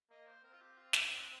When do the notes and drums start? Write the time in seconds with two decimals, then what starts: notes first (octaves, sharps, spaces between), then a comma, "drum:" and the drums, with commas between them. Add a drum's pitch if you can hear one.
0.10 A#3 D#5
0.27 C5
0.44 C4 A#4
0.53 F4
0.61 G4
0.77 F4
0.93 D#4, drum: snare
1.11 D4